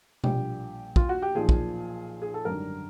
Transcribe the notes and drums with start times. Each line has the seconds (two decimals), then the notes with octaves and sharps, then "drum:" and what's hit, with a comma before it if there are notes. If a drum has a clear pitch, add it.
0.24 A#1 A#2 G3 G4, drum: tom B2
0.96 F4, drum: kick
1.09 F#4
1.22 G4
1.35 B1 A#2 F3 G#4
1.49 drum: kick
2.22 G#4
2.34 A4
2.45 G#1 F#2 D3 G3 A#4